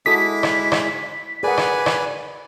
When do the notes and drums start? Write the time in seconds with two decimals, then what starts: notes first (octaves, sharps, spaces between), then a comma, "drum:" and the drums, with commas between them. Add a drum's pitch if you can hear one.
0.06 G#3 E4 F#4 A4 D6 D#6 B6
0.43 drum: rim click
0.72 drum: rim click
1.43 G#4 A#4 B4 D5 F#5 G#5
1.57 drum: rim click
1.86 drum: rim click